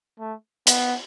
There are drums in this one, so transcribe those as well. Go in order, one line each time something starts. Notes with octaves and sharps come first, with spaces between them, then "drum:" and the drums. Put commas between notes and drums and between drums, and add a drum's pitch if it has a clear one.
A3
B3, drum: hi-hat